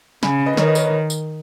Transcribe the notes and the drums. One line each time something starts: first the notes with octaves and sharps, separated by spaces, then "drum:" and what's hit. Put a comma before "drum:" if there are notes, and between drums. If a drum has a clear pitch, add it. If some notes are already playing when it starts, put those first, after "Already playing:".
C#3 G#5 B5, drum: snare
B4 D#5
D#3 A#4 C#5, drum: snare
B4 D#5
A#4 C#5, drum: tambourine
B4 D#5
drum: tambourine